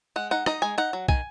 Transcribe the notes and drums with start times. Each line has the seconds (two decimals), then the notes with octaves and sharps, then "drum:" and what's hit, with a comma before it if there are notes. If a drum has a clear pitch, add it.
0.16 G#3 F#5
0.31 D#4 F#5
0.46 D#4 D#5, drum: rim click
0.62 G#3 G#5
0.78 D#4 F#5
0.93 F#3
1.08 D#3 G#5, drum: kick